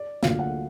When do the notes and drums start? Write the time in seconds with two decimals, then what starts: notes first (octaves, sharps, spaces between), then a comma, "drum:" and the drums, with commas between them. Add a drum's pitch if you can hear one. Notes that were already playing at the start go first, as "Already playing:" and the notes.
Already playing: D5
0.23 D2 D3 F#3 A#3 F4 F5, drum: snare
0.39 F#5